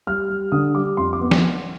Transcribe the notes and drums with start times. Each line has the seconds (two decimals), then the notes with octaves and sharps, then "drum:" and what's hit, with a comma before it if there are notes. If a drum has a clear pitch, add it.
0.07 G3 F6
0.30 G3
0.52 D3 D#6
0.75 G3 D6
0.97 F2 C6
1.13 D6
1.21 B3
1.31 drum: snare